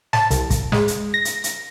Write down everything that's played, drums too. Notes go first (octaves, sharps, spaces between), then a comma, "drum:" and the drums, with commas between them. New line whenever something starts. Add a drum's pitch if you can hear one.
A5, drum: snare
C2, drum: hi-hat
drum: kick, hi-hat
G#3, drum: snare
drum: hi-hat
A#6
drum: hi-hat
drum: hi-hat